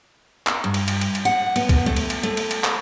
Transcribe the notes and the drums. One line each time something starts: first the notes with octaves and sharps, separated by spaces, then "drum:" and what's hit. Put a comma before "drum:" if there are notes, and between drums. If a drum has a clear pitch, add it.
drum: clap
G2
drum: cymbal
drum: cymbal
drum: cymbal
drum: cymbal
F#5
B3, drum: cymbal
drum: kick C2, cymbal
A3
drum: cymbal
drum: cymbal
A3
drum: cymbal
drum: cymbal
drum: clap